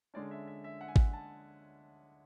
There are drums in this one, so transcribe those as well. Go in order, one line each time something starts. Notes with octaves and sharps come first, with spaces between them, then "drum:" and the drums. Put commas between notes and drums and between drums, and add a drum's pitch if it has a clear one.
D3 G#3 C#4 D5
E5
E5
E5
F#5
G#5
F#5, drum: kick G#1
A5